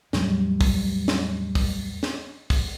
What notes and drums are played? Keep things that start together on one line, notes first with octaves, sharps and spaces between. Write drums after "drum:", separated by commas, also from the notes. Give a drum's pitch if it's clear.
E2 A2 F#3 G3, drum: snare
drum: kick, open hi-hat
drum: snare
drum: kick, open hi-hat
drum: snare
drum: kick, open hi-hat